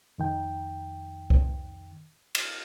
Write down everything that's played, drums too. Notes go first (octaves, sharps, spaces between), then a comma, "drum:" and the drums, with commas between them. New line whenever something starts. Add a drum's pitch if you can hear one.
F2 D#3 G5
drum: kick C2
drum: cymbal